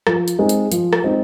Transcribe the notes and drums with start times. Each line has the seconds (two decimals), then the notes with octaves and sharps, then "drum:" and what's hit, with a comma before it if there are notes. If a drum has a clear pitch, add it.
0.07 F3, drum: rim click
0.28 drum: hi-hat
0.39 G#3 C4 D#4
0.49 drum: hi-hat
0.72 F3, drum: hi-hat
0.93 drum: rim click
1.04 G#3 C4 D#4